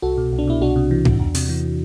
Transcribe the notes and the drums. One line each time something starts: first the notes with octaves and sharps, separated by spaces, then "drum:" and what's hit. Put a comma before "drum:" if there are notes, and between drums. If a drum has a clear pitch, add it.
C2 F#4 A4
B2
C2
D4
B2 E4
C2 D4 F#4
C3
E3
C2, drum: tom G#2
E2
C3, drum: open hi-hat
E3